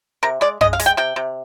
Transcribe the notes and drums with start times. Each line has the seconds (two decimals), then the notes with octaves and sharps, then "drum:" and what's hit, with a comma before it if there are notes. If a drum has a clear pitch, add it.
0.23 C3 A#4
0.41 G#3 D5
0.61 G#3 D#5, drum: tom F#2
0.73 F5
0.80 G#3, drum: hi-hat
0.86 G5
0.97 C3 G5
1.16 C3